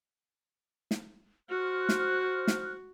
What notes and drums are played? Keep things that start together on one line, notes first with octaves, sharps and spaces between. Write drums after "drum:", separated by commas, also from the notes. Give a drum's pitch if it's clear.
drum: snare
F#4 C5 F6 F#6
drum: snare
drum: snare